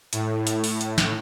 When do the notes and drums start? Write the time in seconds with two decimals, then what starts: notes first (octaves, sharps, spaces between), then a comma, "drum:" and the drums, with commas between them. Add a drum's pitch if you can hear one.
0.13 A2, drum: hi-hat
0.47 drum: hi-hat
0.64 drum: open hi-hat
0.81 drum: hi-hat
0.98 drum: snare